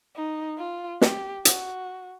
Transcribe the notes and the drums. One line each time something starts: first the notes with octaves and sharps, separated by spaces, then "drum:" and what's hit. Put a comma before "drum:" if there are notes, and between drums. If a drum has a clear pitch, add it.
D#4
F4
G4, drum: snare
F#4, drum: hi-hat